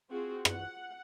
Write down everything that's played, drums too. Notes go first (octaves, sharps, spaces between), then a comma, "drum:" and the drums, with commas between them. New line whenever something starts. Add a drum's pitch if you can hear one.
C4 F4 F#4 G#4
F#5, drum: rim click